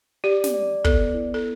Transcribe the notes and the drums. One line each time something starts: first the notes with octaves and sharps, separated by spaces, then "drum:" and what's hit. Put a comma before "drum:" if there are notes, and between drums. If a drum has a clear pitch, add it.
G4 D5
drum: snare
D5
B3 A4, drum: kick
E4
A4